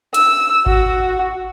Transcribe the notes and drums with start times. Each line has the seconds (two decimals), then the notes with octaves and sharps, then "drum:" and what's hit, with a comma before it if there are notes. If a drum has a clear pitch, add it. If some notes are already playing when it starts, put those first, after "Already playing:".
0.14 E6, drum: hi-hat
0.66 F#4, drum: kick G#1